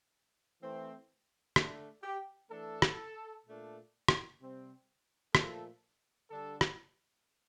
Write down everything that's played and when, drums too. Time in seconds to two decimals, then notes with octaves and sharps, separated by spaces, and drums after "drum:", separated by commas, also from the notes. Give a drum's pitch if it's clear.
0.61 E3 A3 C4
1.56 D3 A3 D4, drum: rim click
2.03 G4
2.51 E3 A3 D4 A4
2.82 drum: rim click
3.46 A#2 A3 D4
4.08 drum: rim click
4.40 C3 G3 C4
5.35 A#2 F3 A3 A4, drum: rim click
6.30 D3 G3 D4 A4
6.61 drum: rim click